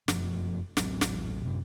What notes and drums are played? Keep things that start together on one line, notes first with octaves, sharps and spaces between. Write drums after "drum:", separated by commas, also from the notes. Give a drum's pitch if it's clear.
F1 F#2 F3, drum: snare
D#1 A1 F#3 C4, drum: snare
drum: snare
A1 F#2 C3